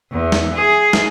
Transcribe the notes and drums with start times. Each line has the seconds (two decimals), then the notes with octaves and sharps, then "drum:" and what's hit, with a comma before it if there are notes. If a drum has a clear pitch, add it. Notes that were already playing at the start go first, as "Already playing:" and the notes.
0.12 E2
0.32 drum: snare
0.54 G#4
0.93 drum: snare